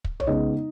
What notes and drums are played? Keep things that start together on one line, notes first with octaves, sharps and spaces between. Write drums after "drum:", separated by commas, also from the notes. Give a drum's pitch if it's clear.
drum: kick
C#5, drum: tom B1
C#3 G#3 B3 D#4 D#5